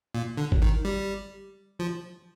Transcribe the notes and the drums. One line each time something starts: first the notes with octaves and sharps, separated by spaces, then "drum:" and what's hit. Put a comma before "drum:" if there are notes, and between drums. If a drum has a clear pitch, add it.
A#2
D3
drum: kick G1
D#3
G3
F3